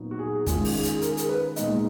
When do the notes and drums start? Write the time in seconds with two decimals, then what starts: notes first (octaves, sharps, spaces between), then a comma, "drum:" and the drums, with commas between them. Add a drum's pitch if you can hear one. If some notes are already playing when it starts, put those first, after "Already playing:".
Already playing: A#2 F#3 B3 D#4
0.11 F#4
0.19 G#4
0.46 D#3 G#3 C#4 F4 G#4, drum: kick, hi-hat
0.64 G#4, drum: open hi-hat
0.83 G#4, drum: hi-hat
1.02 A#4, drum: hi-hat
1.09 G#4
1.17 A#4, drum: hi-hat
1.29 B4
1.56 A#2 G#3 B3 D#4 D#5, drum: hi-hat